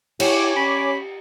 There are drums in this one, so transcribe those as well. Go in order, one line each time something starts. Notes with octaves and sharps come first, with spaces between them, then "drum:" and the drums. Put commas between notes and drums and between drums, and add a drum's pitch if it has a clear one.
E4 G4 C#5 G#5 D6, drum: cymbal
C#4 B5